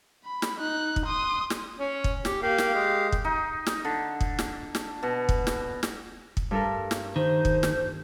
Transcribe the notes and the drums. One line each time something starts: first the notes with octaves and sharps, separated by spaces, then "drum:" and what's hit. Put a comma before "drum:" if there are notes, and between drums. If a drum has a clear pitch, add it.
B5
drum: snare
D#4 F#6
drum: kick
C6 D#6
drum: snare
C#4
drum: kick
G4, drum: snare
A#3 G4 F5
drum: snare
G#3
drum: kick
D#4
drum: snare
D3
drum: kick
drum: snare
drum: snare
B2
drum: kick
drum: snare
drum: snare
drum: kick
G2 A4 A#4
drum: snare
D#3 C5
drum: kick
drum: snare